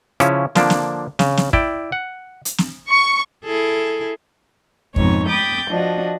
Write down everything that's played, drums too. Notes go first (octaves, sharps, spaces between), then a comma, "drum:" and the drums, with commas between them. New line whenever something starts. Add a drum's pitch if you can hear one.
C#3 F3 C#4 E4, drum: rim click
D3 F3 A#3 D4, drum: snare
drum: snare
C#3, drum: snare
drum: snare
E4 D5 G5, drum: kick
F#5
drum: hi-hat
drum: snare
C#6
E4 G#4 A4
F2 G#2 B2 D#4 C#5 C#6, drum: kick
G5 B5 D6 D#6 G6 A6
F3 D4 F#4 D#5